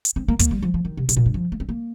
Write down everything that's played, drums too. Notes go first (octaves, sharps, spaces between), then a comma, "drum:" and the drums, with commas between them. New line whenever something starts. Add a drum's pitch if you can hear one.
drum: hi-hat
C4
A#3
A#3, drum: kick, hi-hat
G3
F3
F3
D#3
C3
C3, drum: hi-hat
A#2
G2
F3
A#3
C4
A#3